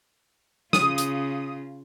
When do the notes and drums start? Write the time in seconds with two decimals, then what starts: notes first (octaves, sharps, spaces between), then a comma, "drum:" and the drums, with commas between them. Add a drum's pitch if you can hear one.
0.73 C#3 F4 D#6, drum: snare
0.98 drum: hi-hat